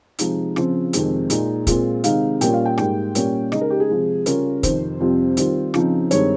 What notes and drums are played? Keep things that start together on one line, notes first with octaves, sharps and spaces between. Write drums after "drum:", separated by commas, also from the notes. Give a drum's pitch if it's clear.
C3 F3 G#3 D#4, drum: hi-hat
C#3 F3 C4 F4, drum: rim click
F2 C3 D#3 G#3 C4, drum: hi-hat
A#2 G#3 D#4, drum: hi-hat
A#2 G#3 C4 F4, drum: kick, hi-hat
C3 D#3 G#3 C4 D#4 F5, drum: hi-hat
A#2 G3 A#3 C#4 F4 G5, drum: hi-hat
F5
G5
G#2 G3 A#3 G5, drum: rim click
A#2 G3 A#3 C#4, drum: hi-hat
C#3 G#3 D#4 D#5, drum: rim click
A#4
G4
G#4
C3 F3 G#3
C#3 G3 C#4 F4 A#4, drum: hi-hat
F2 C3 D#3 C5, drum: kick, hi-hat
F2 C3 G3 C4 F4
D#3 G3 C4 F4, drum: hi-hat
C#3 F3 C4 D#4, drum: rim click
G2 D#3 G#3 C4 D#4 C#5, drum: hi-hat